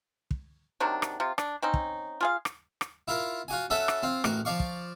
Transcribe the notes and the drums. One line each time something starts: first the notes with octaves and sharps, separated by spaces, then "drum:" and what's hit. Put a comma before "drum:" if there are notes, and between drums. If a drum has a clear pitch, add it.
drum: kick
C3 D#3 F#3 D4
drum: rim click
C3 F4
D4, drum: rim click
C4 C#4 D#4
drum: kick
F4 G#4 F5
drum: rim click
drum: rim click
E4 F4 A#4
F4 F#4 G#5
C#4 F#4 A4 B4 E5 A5
drum: rim click
C4 F4
A1 F#4 A#4, drum: rim click
F3 D5 F5 C#6
drum: kick